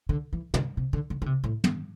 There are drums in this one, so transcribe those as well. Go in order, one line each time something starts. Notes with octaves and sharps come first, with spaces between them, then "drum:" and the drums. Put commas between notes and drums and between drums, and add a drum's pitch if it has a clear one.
D3
E3
D3, drum: tom
C3
D3
D3
D3
C3
A2
drum: tom